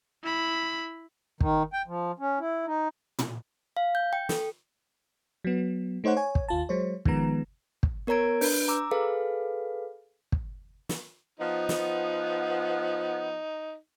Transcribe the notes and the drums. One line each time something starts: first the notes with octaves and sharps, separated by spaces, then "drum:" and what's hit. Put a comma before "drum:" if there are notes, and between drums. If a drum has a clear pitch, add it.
E4 B5
D#3, drum: kick
G5
F3
C#4
E4
D#4
drum: tom
F5
G6
G5
A4, drum: snare
F#3 B3
A3 D#4 C5 C#5 F#5
C#5 G#5
drum: kick
D#2 F4 A5
F#3 G#3 C5 C#5
D#3 F3 G#3 B3 A#5, drum: kick
drum: kick
B3 A#4 C#5 A#5 G#6 D7
D4 B4 G6, drum: open hi-hat
A#5 D6 E6
G#4 A4 B4 F5
drum: kick
drum: snare
F3 B3 D#4
drum: snare